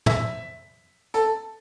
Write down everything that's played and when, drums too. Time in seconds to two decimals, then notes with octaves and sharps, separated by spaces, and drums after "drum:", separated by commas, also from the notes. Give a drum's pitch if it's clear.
0.06 E5, drum: tom
1.14 A4, drum: hi-hat